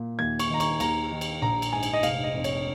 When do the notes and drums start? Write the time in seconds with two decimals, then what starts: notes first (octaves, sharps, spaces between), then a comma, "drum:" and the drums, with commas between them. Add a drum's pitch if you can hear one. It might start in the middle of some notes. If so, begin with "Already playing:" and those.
Already playing: A#2
0.19 D#2 G#6
0.39 C#6, drum: cymbal
0.50 D#3 A#5
0.60 C#6, drum: cymbal
0.80 D#2 A#5, drum: cymbal
1.12 D#3
1.21 drum: cymbal
1.42 A#1 A#5
1.62 drum: cymbal
1.73 G#2 G#5
1.83 drum: cymbal
1.93 D#5
2.03 F1 F5, drum: cymbal
2.24 D#5
2.34 F2
2.44 C#5, drum: cymbal